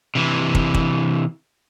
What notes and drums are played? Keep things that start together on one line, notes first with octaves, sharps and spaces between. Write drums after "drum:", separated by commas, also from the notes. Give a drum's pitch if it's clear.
C3 E3
drum: kick
drum: kick